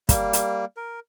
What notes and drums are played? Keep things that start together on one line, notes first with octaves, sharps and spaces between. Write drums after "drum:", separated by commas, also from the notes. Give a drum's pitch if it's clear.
G3 A#3, drum: kick, hi-hat
drum: hi-hat
A#4